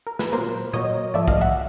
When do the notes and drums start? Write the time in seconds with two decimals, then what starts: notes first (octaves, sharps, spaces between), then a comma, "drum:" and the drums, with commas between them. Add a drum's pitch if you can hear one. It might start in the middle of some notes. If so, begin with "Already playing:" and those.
0.07 A#4
0.19 B4, drum: snare
0.32 A#2 F#3 A#3 A#4 C5
0.73 A#2 F#3 A#3 C#5 D#5
1.14 G#2 F3 A3 D5 E5
1.28 D#5 F5, drum: kick
1.41 E5 F#5